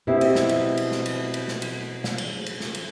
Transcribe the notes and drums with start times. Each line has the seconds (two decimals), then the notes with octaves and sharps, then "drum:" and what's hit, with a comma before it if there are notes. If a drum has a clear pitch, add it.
0.07 B2 C4 E4 G4
0.21 drum: cymbal
0.35 drum: snare
0.49 drum: cymbal
0.77 drum: cymbal
0.92 drum: snare
1.06 drum: cymbal
1.34 drum: cymbal
1.48 drum: snare
1.62 drum: cymbal
2.04 drum: snare
2.18 drum: cymbal
2.46 drum: cymbal
2.60 drum: snare
2.75 drum: cymbal